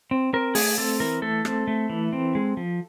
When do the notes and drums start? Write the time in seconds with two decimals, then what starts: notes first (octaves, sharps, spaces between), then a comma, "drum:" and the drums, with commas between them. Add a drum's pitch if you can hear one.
0.11 C4
0.33 C4 A#4
0.55 A3 G#4, drum: open hi-hat
0.78 C4 A4
1.00 E3 A#4
1.22 A3 A4
1.45 C4, drum: rim click
1.67 A3
1.90 E3
2.13 C4
2.35 G#3
2.57 F3